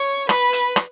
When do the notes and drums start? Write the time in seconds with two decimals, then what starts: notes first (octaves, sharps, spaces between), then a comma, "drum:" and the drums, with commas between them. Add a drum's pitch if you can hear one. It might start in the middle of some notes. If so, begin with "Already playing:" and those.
Already playing: C#5
0.29 B4, drum: rim click
0.53 drum: hi-hat
0.76 drum: rim click